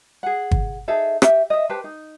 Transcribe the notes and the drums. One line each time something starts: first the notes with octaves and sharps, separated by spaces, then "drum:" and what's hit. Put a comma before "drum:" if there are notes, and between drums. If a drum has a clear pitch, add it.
G#4 F#5
drum: kick
D#4 G#4 A4 E5
G4 E5, drum: rim click
D#5 E5
G4 B4 C5 A5
D#4